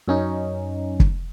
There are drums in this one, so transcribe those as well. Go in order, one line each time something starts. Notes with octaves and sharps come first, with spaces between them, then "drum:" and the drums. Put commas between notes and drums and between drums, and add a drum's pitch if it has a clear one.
F#2 C#4 D#4
drum: kick